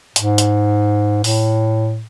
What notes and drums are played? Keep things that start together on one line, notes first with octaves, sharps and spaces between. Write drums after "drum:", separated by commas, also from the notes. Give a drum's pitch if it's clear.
G#2, drum: hi-hat
drum: hi-hat
A2, drum: open hi-hat